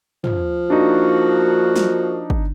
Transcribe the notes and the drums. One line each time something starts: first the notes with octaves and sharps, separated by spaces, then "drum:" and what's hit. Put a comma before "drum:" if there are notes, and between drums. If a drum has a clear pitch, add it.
F3, drum: tom
A#3 D4 D#4 F#4
drum: snare
drum: kick